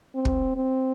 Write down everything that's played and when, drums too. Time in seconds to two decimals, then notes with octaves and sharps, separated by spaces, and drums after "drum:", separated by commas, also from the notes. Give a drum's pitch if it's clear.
0.15 C4
0.25 drum: kick
0.56 C4